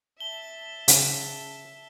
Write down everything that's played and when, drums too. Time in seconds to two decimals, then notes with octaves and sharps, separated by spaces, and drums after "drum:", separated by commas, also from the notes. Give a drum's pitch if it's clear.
0.20 E5 A5 G7
0.88 C#3 C#4, drum: hi-hat